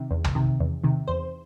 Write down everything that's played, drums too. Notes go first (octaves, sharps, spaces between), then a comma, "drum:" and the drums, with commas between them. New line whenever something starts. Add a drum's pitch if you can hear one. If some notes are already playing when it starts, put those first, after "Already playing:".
Already playing: C3 D#3
E2
drum: tom
C3 D#3
E2
C3 D#3
E2 C5